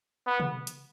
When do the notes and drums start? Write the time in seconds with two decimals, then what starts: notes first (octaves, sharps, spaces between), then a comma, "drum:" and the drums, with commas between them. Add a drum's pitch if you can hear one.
0.26 B3
0.40 drum: tom
0.67 drum: hi-hat